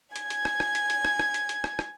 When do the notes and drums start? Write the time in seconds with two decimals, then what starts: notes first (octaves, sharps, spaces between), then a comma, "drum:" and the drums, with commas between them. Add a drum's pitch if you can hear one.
0.16 G#5 G#6, drum: hi-hat
0.30 drum: hi-hat
0.45 drum: rim click
0.60 drum: rim click
0.75 drum: hi-hat
0.90 drum: hi-hat
1.05 drum: rim click
1.19 drum: rim click
1.34 drum: hi-hat
1.49 drum: hi-hat
1.64 drum: rim click
1.79 drum: rim click